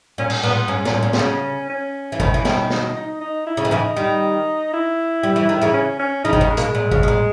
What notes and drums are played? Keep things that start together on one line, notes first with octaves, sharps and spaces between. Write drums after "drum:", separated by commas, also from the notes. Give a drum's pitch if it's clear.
A#2 C#4
drum: cymbal
A#2 B3
G#2 C#4
A#2, drum: snare
A#2
B2, drum: snare
C#3
C#4
E3
B2 D#3, drum: kick G#1
E3
B2 D#3, drum: snare
D#4, drum: snare
D#4
D#4
E4
C#3
D#3
C#3 E3 D#4
D#3 G3
E4
G3
E3
D#3
C#3 E3
C#4
C#4
C#3 E3 D#4
D#3, drum: kick G#1
C#3
G#3
B2 A#3, drum: hi-hat
G#3
A#2
C#3, drum: kick G#1
B2
A#2